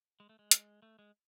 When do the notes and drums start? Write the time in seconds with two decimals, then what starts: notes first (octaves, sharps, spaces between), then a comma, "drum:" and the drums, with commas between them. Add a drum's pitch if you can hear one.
0.20 G#3
0.29 A3
0.39 G#3
0.51 drum: hi-hat
0.82 A3
0.99 G#3